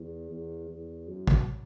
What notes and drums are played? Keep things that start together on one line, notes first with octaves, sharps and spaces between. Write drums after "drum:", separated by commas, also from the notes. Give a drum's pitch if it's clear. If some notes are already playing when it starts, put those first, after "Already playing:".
Already playing: E2
E2
E2
F#2
drum: kick